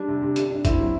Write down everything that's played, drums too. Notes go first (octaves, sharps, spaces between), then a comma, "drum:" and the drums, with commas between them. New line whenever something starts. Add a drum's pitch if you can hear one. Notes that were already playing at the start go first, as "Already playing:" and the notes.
Already playing: G3 D4
C3
C3
C3, drum: hi-hat
D4
C4 E4, drum: kick, hi-hat
F#3